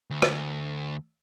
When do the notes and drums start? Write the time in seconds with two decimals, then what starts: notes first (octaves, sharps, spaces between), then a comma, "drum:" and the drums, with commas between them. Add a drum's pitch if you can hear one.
0.10 D2
0.22 drum: rim click